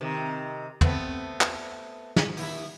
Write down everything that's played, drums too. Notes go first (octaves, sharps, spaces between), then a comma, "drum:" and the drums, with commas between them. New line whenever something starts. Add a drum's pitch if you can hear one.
C3 D#3
A3 B3 C4, drum: tom
drum: clap
drum: snare
D#2 E4, drum: open hi-hat